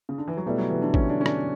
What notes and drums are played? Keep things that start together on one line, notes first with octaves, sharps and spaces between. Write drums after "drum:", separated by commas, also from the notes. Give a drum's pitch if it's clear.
C#3
D3
E3
F#3
B2 G3 A3 E4 B4 E5
F#3
E3
D3
C#4, drum: kick
D4
C#4
D4, drum: rim click